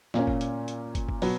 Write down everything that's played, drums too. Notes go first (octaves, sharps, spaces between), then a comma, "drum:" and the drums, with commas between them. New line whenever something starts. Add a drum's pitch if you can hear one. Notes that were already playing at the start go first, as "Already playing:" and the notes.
A#2 A#3 C#4, drum: snare
drum: kick
drum: hi-hat
drum: hi-hat
drum: kick, hi-hat
drum: kick
B2 F#3 B3, drum: open hi-hat